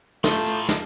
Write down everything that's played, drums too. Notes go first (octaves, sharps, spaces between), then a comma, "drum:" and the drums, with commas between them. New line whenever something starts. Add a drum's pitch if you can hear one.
A2 A3 F4 A5 C6 G6, drum: snare
drum: hi-hat
drum: snare